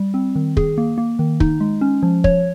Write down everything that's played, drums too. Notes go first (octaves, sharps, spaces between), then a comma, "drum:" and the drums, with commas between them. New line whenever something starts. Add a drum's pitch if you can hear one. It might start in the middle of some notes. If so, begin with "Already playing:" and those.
Already playing: G3
C4
D#3
G#4, drum: kick
A#3
A#3
D#3
D#4, drum: kick
G#3
C#4
F3
C#5, drum: kick